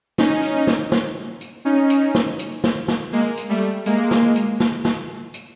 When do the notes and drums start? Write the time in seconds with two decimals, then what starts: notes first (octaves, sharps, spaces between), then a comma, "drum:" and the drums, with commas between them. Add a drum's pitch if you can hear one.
0.18 C#4 D#4, drum: snare
0.43 drum: hi-hat
0.67 drum: snare
0.92 drum: snare
1.41 drum: hi-hat
1.65 C#4 D#4
1.90 drum: hi-hat
2.15 drum: snare
2.39 drum: hi-hat
2.64 drum: snare
2.88 drum: snare
3.13 G#3 A#3
3.37 drum: hi-hat
3.49 G3 A3
3.86 G#3 A#3, drum: hi-hat
4.11 drum: snare
4.36 drum: hi-hat
4.60 drum: snare
4.85 drum: snare
5.34 drum: hi-hat